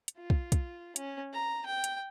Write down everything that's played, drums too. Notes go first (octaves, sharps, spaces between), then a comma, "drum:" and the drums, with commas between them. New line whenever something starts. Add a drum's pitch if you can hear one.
drum: hi-hat
F4
drum: kick
drum: kick, hi-hat
C#4, drum: hi-hat
A#5
G5
drum: hi-hat